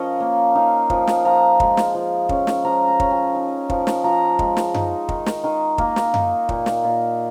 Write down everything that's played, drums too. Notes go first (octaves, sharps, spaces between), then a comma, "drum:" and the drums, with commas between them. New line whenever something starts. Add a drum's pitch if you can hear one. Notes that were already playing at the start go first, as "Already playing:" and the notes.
Already playing: F3 C#4 A#4 C#5 D#5
A#3
D#4 F5
F3, drum: kick
drum: snare
F3 A#5
G#3, drum: kick
drum: snare
F3
C#4, drum: kick
drum: snare
F3 A#5
A#5
C#4, drum: kick
G#5
D#4
F3, drum: kick
drum: snare
F3 A#5
G#3, drum: kick
drum: snare
D#4, drum: tom F#2
D#3, drum: kick
drum: snare
D#3
A#3 A#5, drum: kick
drum: snare
D#4, drum: tom F#2
A#2, drum: kick
drum: snare
A#2